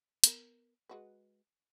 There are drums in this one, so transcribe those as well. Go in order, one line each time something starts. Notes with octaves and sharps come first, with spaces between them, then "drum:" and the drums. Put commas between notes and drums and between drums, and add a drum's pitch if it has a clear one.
B3 A#4, drum: hi-hat
G#3 F#4 B4